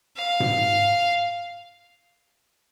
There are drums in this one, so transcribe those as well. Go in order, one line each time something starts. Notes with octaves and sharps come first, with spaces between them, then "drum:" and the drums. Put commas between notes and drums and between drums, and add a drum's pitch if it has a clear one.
F5
drum: tom G#2